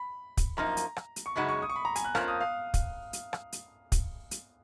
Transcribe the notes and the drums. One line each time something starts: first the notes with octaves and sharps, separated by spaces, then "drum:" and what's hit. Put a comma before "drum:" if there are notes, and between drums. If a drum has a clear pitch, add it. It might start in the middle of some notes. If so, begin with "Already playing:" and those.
Already playing: B5
drum: kick, hi-hat
F#2 F3 A#3 D#4 A#5
drum: hi-hat
drum: rim click
drum: hi-hat
C#6
F#2 C#3 G#3 D#4 F#4 B5
C#6
D#6
C#6
B5
A#5
G#5, drum: hi-hat
F#6
F2 F3 A#3 C#4 F6, drum: rim click
D#6
F5
drum: kick, hi-hat
drum: hi-hat
drum: rim click
drum: hi-hat
drum: kick, hi-hat
drum: hi-hat